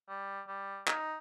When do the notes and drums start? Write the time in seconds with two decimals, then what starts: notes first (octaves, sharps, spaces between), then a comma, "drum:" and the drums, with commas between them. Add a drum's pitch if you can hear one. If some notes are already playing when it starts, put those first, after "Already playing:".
0.08 G3
0.47 G3
0.87 D#4, drum: clap